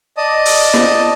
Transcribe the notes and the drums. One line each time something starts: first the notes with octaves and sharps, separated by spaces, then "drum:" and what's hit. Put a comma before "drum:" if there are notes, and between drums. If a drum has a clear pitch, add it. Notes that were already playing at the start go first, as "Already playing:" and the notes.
D5 D#5 A5 D#6
drum: open hi-hat
drum: snare